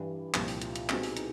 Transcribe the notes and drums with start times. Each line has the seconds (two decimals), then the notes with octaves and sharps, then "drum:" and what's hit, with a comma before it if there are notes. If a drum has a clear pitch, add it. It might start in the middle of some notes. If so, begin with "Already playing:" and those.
Already playing: G2 E3 G3 D4
0.34 C2 A#2 F3 G4, drum: clap
0.48 drum: open hi-hat
0.62 F4, drum: hi-hat
0.76 drum: hi-hat
0.89 B2 G#3 C4 D#4, drum: clap
1.03 E4, drum: open hi-hat
1.17 D#4, drum: hi-hat